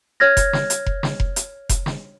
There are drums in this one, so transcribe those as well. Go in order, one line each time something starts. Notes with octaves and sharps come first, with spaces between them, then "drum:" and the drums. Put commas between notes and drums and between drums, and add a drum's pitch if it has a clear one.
C#5 F6 G#6 A#6
drum: kick F1, hi-hat
drum: snare
drum: hi-hat
drum: kick F1
drum: snare
drum: kick F1
drum: hi-hat
drum: kick F1, hi-hat
drum: snare